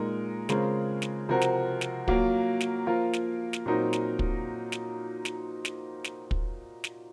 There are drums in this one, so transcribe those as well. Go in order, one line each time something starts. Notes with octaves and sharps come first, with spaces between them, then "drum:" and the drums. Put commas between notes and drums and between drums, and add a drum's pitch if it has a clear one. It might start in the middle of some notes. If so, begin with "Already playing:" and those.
Already playing: A#2 G#3 D#4 A#4
C#3 G#3 C4 F4 A#4, drum: snare
drum: snare
C3 F3 C4 F#4 A#4
drum: snare
drum: snare
F#3 A#3 F4 A#4, drum: kick
drum: snare
F3 A#3 F4 A#4
drum: snare
drum: snare
A#2 F#3 C4 D#4 A#4
drum: snare
drum: kick
drum: snare
drum: snare
drum: snare
drum: snare
drum: kick
drum: snare